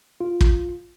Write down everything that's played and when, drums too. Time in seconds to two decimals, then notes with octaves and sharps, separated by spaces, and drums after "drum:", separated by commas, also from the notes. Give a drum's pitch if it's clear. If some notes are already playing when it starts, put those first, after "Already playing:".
0.21 F4
0.41 drum: kick